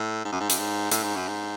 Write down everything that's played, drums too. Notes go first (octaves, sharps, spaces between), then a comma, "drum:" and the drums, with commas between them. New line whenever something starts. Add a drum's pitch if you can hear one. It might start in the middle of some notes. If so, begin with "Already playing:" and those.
Already playing: A2
G#2
F#2
G#2
F#2, drum: hi-hat
G#2
A2, drum: hi-hat
G#2
F#2
G#2